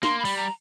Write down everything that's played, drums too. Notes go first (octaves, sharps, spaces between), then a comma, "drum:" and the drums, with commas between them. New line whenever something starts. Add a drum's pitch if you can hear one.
A#3 C6, drum: snare
B5
G3, drum: open hi-hat
A#5